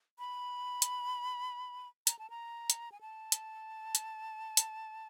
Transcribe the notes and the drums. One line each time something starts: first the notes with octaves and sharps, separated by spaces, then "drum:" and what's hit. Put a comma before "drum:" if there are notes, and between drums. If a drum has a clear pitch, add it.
B5
drum: hi-hat
A#5, drum: hi-hat
A5
A#5
drum: hi-hat
G#5
A5
drum: hi-hat
drum: hi-hat
drum: hi-hat